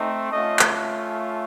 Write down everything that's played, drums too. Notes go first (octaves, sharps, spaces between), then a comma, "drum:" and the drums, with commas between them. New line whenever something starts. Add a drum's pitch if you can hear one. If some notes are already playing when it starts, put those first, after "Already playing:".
Already playing: A3 C4 D#4
A3 C#4 F4 D#5
drum: clap